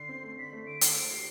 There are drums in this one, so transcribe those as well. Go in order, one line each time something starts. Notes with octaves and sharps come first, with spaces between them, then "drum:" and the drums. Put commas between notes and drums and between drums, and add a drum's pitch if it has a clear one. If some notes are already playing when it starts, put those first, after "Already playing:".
Already playing: D3 C7
C4
A3
D3 B6
A3
D3 D7
D3 C7, drum: hi-hat
C5 D7
G4 C7